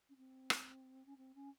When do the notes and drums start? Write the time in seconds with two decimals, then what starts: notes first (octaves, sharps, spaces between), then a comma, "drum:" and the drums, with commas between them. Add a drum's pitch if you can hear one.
0.09 C#4
0.17 C4
0.50 drum: rim click
1.06 C#4
1.17 C4
1.35 C#4